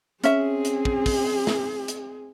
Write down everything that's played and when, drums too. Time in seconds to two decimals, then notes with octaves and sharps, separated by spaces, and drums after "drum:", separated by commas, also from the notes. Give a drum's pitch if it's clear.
0.24 C4 C#4 G#4 E5, drum: hi-hat
0.65 drum: hi-hat
0.85 drum: kick
1.06 drum: kick, open hi-hat
1.47 drum: snare
1.88 drum: hi-hat